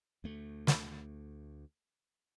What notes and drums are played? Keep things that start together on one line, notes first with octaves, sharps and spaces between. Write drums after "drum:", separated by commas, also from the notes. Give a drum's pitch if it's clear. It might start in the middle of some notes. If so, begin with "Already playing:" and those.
D2 A3
drum: snare